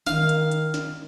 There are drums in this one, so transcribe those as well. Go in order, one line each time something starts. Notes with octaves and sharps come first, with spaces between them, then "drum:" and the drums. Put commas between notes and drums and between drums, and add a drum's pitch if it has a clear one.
D#3 F5, drum: snare
drum: hi-hat
drum: hi-hat
drum: snare